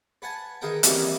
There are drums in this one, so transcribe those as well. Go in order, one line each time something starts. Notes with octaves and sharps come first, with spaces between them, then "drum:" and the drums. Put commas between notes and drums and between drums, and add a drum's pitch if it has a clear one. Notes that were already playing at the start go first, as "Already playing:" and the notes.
B4 F#5 G#5 A5
D#3 G#4 A#4 B4 F#5 G5
F2 E3 G3 A#3 C#4 D#4, drum: hi-hat